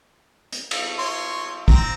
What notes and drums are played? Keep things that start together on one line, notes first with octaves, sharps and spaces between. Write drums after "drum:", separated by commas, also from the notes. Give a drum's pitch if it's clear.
drum: hi-hat
drum: cymbal
C#5 C6
C4 A#5, drum: kick